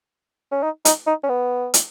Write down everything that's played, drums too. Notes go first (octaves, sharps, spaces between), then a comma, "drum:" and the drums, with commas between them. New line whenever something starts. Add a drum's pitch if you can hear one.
C#4
D#4
D#4, drum: hi-hat
D#4
C#4
B3
drum: hi-hat